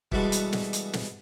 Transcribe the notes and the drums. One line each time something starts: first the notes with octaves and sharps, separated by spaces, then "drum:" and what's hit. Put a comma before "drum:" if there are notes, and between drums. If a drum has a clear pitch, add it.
B2 E3 G3 G#3 F#4 A4, drum: kick
drum: hi-hat
drum: snare
drum: hi-hat
drum: snare